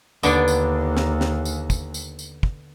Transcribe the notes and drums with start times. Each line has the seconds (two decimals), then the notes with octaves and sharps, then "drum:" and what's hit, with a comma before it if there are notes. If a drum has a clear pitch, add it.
0.23 D#2 D3 B3 D4, drum: tambourine
0.48 drum: tambourine
0.97 drum: snare
1.21 drum: snare
1.45 drum: tambourine
1.70 drum: kick, tambourine
1.94 drum: tambourine
2.19 drum: tambourine
2.43 drum: kick